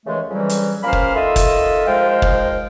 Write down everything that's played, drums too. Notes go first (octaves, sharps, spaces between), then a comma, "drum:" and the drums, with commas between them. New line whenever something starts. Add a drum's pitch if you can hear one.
D#2 C#3 E3 G#3 A3
F2 C#3 E3 F#3 G3
drum: hi-hat
C#2 A#3 C#4 C5 B5 F6
drum: kick
D#3 F4 A4 D#5 E5
drum: kick, hi-hat
G#2 F3 G#3 A#4 F5 G5
drum: kick